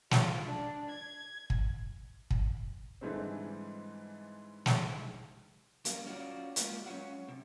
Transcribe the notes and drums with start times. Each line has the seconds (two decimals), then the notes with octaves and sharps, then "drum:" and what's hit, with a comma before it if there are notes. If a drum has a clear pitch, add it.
0.11 F4, drum: snare
0.46 D4
0.89 G#6
1.50 drum: kick
2.31 drum: kick
3.01 G#2 D3 E3 G3 G#3 C4
4.66 drum: snare
5.85 F#2 G3 A#3, drum: hi-hat
6.06 C#4 F4 F#4 D5
6.56 G#3 A#3 F4 G4, drum: hi-hat
6.86 F#3 C#4 D4 F4 C#5 F#5
7.28 C3